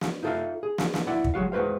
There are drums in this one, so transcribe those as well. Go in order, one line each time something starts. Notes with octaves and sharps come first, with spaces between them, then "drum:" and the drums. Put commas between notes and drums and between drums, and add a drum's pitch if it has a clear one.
drum: snare
D#4 F4 A4 E5 F5
G#4
drum: snare
drum: snare
E4 D5 F#5
drum: kick
F#3 G#3 F#4 F5
G#3 F#4 B4 C5 F5